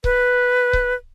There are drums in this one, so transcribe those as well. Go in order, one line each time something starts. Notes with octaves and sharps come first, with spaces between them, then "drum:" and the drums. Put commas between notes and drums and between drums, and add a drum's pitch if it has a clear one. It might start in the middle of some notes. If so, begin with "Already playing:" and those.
B4, drum: kick C#1
drum: kick C#1